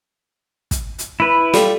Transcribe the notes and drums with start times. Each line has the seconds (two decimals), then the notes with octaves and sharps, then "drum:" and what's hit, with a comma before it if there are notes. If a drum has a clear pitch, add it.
0.71 drum: kick, hi-hat
0.99 drum: hi-hat
1.20 E4 B4
1.54 G3 A3 F4, drum: snare